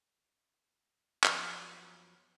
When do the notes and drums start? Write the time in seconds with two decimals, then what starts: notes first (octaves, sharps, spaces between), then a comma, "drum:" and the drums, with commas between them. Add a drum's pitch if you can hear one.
1.24 F#2 F3 B3 C#5, drum: clap